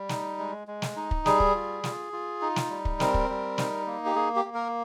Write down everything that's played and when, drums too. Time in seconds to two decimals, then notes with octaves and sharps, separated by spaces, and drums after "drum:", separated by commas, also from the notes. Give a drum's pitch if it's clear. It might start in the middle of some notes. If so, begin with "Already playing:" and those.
Already playing: G3
0.09 D#4, drum: snare
0.39 G#3
0.67 G#3
0.82 drum: snare
0.96 D#4
1.11 drum: kick
1.26 G3 G#4, drum: snare
1.40 drum: kick
1.55 F4
1.84 F4, drum: snare
2.13 F4
2.42 D#4
2.56 drum: snare
2.70 G3
2.85 drum: kick
3.00 C4 A#4, drum: snare
3.14 drum: kick
3.29 G3
3.58 D#4, drum: snare
3.87 A#3
4.06 G4
4.15 A#3 G#4
4.36 G4
4.45 A#3
4.54 A#4